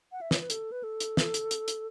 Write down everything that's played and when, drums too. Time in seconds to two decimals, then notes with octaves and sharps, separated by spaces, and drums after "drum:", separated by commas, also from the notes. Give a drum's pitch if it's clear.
0.12 F#5
0.21 E5
0.31 C#5, drum: snare
0.41 B4
0.50 A4, drum: hi-hat
0.72 B4
0.83 A4
1.00 drum: hi-hat
1.17 drum: snare
1.34 drum: hi-hat
1.51 drum: hi-hat
1.68 drum: hi-hat